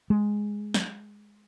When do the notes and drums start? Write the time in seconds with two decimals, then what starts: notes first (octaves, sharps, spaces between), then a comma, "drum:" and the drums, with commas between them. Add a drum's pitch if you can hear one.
0.10 G#3
0.74 drum: snare